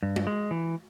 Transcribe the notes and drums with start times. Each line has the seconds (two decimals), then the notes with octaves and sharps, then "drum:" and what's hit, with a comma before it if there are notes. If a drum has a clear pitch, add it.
0.03 G2
0.16 drum: tom
0.27 G#3
0.51 E3